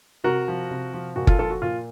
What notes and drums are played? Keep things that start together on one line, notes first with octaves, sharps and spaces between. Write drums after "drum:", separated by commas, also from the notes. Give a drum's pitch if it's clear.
C3 F#4 A#4
F3
C3
F3
A#2 F#4
F4 A4, drum: kick
F3 F4 A4
F#4
A#2 F4